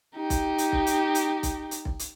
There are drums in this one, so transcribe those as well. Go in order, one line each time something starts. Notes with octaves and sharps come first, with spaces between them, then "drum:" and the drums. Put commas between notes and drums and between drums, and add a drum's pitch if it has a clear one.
D#4 G4
drum: kick B1, hi-hat
drum: hi-hat
drum: kick B1
drum: hi-hat
drum: hi-hat
drum: kick B1, hi-hat
drum: hi-hat
drum: kick B1
drum: hi-hat